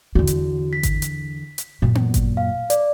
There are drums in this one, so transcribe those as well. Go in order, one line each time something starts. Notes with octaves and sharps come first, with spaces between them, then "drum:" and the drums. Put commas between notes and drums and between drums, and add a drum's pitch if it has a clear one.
E2 D3 F#4
drum: hi-hat
B6
drum: kick G#1, hi-hat
drum: hi-hat
drum: hi-hat
F#2 A#2
drum: tom B3
drum: kick G#1, hi-hat
F5
D5, drum: hi-hat